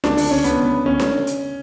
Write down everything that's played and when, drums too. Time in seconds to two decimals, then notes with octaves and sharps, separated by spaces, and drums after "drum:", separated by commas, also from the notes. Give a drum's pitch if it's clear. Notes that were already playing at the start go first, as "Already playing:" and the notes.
0.04 D4, drum: snare D4
0.17 D4, drum: open hi-hat
0.31 C#4
0.44 B3, drum: hi-hat
0.65 B3
0.86 C#4
1.00 drum: snare D4
1.27 drum: hi-hat